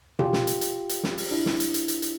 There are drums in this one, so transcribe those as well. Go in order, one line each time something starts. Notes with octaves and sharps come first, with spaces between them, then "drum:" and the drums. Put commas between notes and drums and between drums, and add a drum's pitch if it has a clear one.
F4 G4, drum: tom B2
drum: snare
drum: hi-hat
drum: hi-hat
drum: hi-hat
drum: snare
drum: open hi-hat
D4 E4
drum: snare
drum: hi-hat
drum: hi-hat
drum: hi-hat
drum: hi-hat